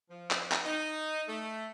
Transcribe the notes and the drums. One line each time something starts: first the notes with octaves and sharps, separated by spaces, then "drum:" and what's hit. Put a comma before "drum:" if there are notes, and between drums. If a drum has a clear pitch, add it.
F3
drum: clap
drum: clap
D#4
A3